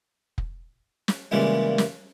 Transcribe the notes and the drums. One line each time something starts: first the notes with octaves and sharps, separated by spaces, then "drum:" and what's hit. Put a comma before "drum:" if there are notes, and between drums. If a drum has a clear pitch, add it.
drum: kick
drum: snare
A#2 C#3 E3 G3 G#3
drum: snare